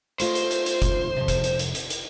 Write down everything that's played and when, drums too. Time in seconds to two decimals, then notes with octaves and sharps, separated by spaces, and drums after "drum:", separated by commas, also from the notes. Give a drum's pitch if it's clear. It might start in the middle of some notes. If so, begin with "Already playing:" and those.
0.20 A3 F4 C5 D#5, drum: hi-hat
0.35 drum: hi-hat
0.51 drum: hi-hat
0.66 drum: hi-hat
0.82 drum: kick F#1, hi-hat
1.16 F2 G#2 C3
1.28 drum: kick F#1, hi-hat
1.44 drum: hi-hat
1.59 drum: hi-hat
1.75 drum: hi-hat
1.90 drum: hi-hat